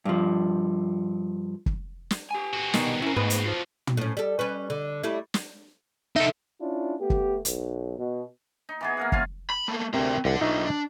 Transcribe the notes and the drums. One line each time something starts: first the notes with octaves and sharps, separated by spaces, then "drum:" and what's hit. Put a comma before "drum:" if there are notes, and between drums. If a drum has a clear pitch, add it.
G2 F3
drum: kick
drum: snare
G4 G#5
C4 F#4
C2 B2 D#3, drum: snare
C#4 E4 A#4
G#2 A3 B3 B4
drum: hi-hat
F4 C5
drum: tom
A2 C#4
G3 A4
G3 C#4 B4
D3
G3 A3 E4
drum: snare
D#4 A4 E5
C#4 D4 E4 F4
A3 B3 G4
drum: kick
B1, drum: hi-hat
B2
D#4
E3 B3 G#4
A#3 A#4 F#5
C#4 F4 G#4 F5, drum: kick
B5
A3 A#3
D2 C3 C4 A#4
C2 D3 F#5
B1 D4 D#4 F4 E5
D4